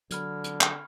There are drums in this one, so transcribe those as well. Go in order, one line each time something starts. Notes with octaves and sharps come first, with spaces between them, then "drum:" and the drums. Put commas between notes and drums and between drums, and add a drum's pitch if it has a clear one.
D3 F#3 B5 F6 G#6, drum: hi-hat
drum: hi-hat
drum: clap